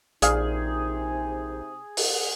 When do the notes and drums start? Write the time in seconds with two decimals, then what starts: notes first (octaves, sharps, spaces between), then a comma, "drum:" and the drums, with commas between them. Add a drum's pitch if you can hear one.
0.22 A#1 C3 D#4 G#4 D5 F5, drum: hi-hat
1.97 drum: open hi-hat